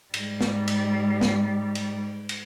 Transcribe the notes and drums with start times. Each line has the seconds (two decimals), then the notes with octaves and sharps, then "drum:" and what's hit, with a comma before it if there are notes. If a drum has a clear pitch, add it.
0.14 G#2 G3, drum: cymbal
0.41 drum: snare
0.68 drum: cymbal
1.21 drum: snare
1.75 drum: cymbal
2.29 drum: cymbal